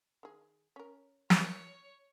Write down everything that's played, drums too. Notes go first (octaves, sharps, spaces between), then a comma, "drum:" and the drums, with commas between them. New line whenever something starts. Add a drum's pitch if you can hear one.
D#3 G#4
C#4 A#4
C#5, drum: snare